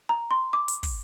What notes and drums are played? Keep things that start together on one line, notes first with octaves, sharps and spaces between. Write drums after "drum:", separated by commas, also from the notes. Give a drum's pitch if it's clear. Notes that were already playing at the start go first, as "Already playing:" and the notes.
A#5
C6
D6
drum: hi-hat
drum: kick, open hi-hat